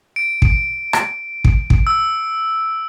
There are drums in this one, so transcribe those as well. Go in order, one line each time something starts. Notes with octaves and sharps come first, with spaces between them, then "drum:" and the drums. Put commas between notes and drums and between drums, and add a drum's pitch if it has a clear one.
D7
drum: kick
drum: rim click
drum: kick
drum: kick
E6